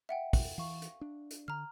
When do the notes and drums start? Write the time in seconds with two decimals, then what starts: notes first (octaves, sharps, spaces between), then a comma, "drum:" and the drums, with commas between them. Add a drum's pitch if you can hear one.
0.09 E5 F#5 G5
0.33 drum: kick, open hi-hat
0.58 E3 F5 C#6
0.82 drum: hi-hat
1.01 D4
1.31 drum: hi-hat
1.48 D3 A#5 F6